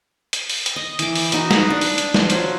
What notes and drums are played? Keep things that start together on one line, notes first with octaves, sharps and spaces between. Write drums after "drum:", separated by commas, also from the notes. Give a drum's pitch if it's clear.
drum: hi-hat
drum: open hi-hat
drum: hi-hat
D#5
E3 D6, drum: hi-hat
drum: open hi-hat
D#4 F#4 B5, drum: hi-hat
B4 F5 F#5 B5, drum: snare
D4
drum: open hi-hat
drum: hi-hat
drum: snare
F3 F#3, drum: hi-hat